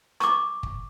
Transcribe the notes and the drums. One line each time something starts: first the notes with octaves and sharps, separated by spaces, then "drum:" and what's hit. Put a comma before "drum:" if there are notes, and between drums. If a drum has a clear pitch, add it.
C#6 D6, drum: rim click
drum: kick